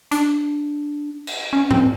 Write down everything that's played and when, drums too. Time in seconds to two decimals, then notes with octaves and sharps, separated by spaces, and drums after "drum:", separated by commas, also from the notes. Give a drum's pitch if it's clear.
0.11 D4, drum: hi-hat
1.27 drum: cymbal
1.53 C#4
1.71 C4, drum: tom G#2